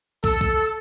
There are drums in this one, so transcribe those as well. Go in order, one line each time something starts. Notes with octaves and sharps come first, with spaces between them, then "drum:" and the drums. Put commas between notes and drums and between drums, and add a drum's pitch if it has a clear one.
A4 E6, drum: kick
drum: kick